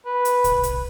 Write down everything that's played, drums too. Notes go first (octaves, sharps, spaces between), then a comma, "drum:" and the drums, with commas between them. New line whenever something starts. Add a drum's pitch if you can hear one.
B4
drum: hi-hat
drum: kick, hi-hat
drum: kick, hi-hat